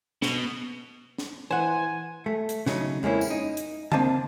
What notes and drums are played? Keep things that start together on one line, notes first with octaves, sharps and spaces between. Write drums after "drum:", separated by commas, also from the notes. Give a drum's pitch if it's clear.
B2, drum: snare
drum: snare
E3 C5 F#5 G#5
A3
drum: hi-hat
C#3 F#3 A3 D#4, drum: snare
F2 G#3 A#3 C#4 E4
drum: tambourine
D#4
drum: hi-hat
A#3 C4 D4 D#5 F5 A5, drum: tom C#3